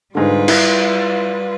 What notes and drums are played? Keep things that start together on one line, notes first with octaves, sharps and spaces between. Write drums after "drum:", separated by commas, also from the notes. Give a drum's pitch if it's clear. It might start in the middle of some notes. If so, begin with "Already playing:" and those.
G#2 D3 G3 F4 B4
E4, drum: cymbal